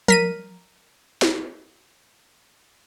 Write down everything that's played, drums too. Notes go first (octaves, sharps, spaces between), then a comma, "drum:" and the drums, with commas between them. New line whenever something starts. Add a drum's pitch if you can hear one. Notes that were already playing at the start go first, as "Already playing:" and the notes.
A#4 B6 D#7, drum: tom F3
drum: snare